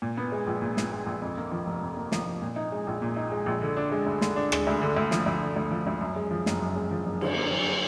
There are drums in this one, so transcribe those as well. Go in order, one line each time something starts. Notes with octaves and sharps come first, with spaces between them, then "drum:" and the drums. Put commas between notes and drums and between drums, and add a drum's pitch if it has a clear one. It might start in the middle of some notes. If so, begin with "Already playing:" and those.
A#2
B3
G#3
A#1
A#2
B3, drum: snare
G#3
A#1
F2
A#3
F3
F1
F2
A#3
F3, drum: snare
F1
A#2
D#4
G#3
A#1
A#2
D#4
G#3
A#1
D3
D4
G#3
D2
D3, drum: snare
D4
G#3, drum: rim click
D2
D3
D2
F3, drum: snare
D2
D3
D2
F3
D2
F#2
G#3
F3
F#1, drum: snare
F#2
G#3
F3
F#1
D3, drum: cymbal
A#3
F#3